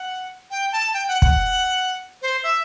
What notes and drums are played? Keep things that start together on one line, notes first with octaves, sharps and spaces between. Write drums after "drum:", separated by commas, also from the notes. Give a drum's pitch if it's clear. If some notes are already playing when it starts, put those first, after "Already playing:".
Already playing: F#5
G5
A5
G5
F#5
F#5, drum: kick
C5
E5